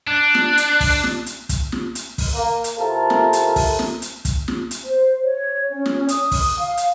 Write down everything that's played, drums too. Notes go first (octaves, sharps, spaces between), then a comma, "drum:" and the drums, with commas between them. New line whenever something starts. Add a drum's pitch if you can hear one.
D4 F#6
drum: snare
drum: hi-hat
drum: kick, open hi-hat
drum: snare
drum: hi-hat
drum: kick, hi-hat
drum: snare
drum: hi-hat
drum: kick, open hi-hat
A#3
drum: hi-hat
C3 E4 F4 A4 A#4
drum: snare
drum: hi-hat
drum: kick, open hi-hat
drum: snare
drum: hi-hat
drum: kick, hi-hat
drum: snare
drum: hi-hat
C5
C#5
C#4
drum: snare
D#6, drum: hi-hat
drum: kick, open hi-hat
F5
drum: hi-hat